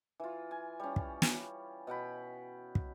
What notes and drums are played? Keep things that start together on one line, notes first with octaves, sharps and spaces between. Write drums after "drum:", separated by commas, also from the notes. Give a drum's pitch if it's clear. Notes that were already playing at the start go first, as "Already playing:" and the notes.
E3 F4
G#5
G3 C#4
drum: kick
drum: snare
B2 F#5 G5 B5
drum: kick